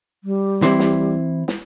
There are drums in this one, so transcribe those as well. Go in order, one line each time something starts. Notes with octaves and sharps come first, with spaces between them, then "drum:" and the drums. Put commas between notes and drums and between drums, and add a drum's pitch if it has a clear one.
G3
E3 C4 E4, drum: snare
drum: snare
drum: snare